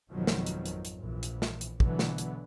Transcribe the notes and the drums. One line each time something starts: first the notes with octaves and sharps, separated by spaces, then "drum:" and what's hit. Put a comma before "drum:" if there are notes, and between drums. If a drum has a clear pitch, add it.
G#1 F2 B2 D#3 F3 F#3
drum: snare
drum: hi-hat
drum: hi-hat
drum: hi-hat
A#1 E3
drum: hi-hat
drum: snare
drum: hi-hat
B2 D3 E3 F#3 B3, drum: kick
drum: snare
drum: hi-hat